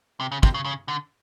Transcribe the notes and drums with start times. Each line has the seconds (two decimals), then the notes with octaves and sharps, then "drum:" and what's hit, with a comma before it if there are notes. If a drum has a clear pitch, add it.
0.20 C3
0.32 C#3
0.43 C3, drum: kick
0.54 C#3
0.65 C#3
0.88 D3